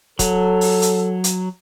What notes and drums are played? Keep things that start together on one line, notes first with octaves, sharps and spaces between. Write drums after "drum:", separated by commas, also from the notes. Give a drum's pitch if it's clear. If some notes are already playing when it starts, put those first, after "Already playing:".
F#3 A4, drum: kick, hi-hat
drum: open hi-hat
drum: hi-hat
drum: hi-hat